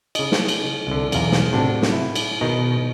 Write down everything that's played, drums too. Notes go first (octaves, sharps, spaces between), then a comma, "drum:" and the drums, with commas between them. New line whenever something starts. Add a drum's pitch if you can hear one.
C#3 D#5, drum: cymbal
drum: snare
drum: cymbal
C2 D3
B1 E2 F5 A#5, drum: cymbal
drum: snare
A2 C3 D4 F#4
drum: snare
E4
drum: cymbal
B2 D#3 D#4 A#5